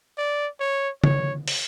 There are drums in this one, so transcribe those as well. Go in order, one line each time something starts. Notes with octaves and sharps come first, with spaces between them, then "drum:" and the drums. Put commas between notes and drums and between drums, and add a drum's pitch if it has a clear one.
D5
C#5
C#5, drum: tom C#3
drum: open hi-hat